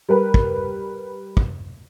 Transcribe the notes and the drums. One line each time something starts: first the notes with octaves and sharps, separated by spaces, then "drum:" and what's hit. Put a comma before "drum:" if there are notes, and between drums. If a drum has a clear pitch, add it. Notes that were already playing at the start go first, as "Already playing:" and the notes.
G3 A#4 B4
drum: kick
drum: kick